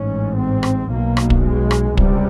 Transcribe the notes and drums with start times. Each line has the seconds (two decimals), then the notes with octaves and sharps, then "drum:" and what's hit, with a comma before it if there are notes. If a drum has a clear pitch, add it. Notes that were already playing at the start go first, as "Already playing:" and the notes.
Already playing: A1 G#2 C#4
0.35 C4
0.63 drum: rim click
0.89 B1 B2 A#3
1.17 drum: rim click
1.30 drum: kick
1.44 G#3
1.71 drum: rim click
1.97 C#2 C3 G3, drum: kick